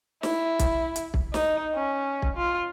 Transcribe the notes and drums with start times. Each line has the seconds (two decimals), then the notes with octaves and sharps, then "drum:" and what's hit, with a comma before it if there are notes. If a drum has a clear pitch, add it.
0.23 E4, drum: snare
0.59 drum: kick, hi-hat
0.96 drum: hi-hat
1.14 drum: kick
1.34 D#4, drum: snare
1.75 C#4
2.22 drum: kick
2.37 F4